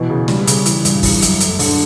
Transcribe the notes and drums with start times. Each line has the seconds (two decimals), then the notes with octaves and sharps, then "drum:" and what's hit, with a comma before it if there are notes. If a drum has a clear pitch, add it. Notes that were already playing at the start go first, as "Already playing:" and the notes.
Already playing: B2 E3
0.10 C#3
0.28 G3, drum: snare
0.47 C#3, drum: hi-hat
0.66 E3, drum: hi-hat
0.85 G2, drum: hi-hat
1.03 E3, drum: kick, open hi-hat
1.22 F#2, drum: hi-hat
1.40 A3, drum: hi-hat
1.59 D3, drum: open hi-hat